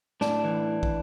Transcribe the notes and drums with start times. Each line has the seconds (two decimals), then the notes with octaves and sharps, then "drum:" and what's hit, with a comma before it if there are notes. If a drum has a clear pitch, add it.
0.21 A2 D4, drum: snare
0.44 E3
0.83 drum: kick